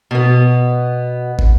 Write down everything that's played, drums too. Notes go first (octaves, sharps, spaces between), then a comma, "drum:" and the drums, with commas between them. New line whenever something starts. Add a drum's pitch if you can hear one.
B2 B3
drum: kick